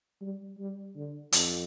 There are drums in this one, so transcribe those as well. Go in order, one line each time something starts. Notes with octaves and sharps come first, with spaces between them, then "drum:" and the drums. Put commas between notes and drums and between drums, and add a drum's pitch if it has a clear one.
G3
G3
D3
F2, drum: hi-hat